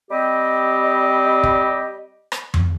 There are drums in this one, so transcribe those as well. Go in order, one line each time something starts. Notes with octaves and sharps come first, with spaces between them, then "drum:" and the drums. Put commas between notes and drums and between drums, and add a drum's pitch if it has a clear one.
G3 C4 G4 D#5
drum: kick
drum: rim click
drum: tom F2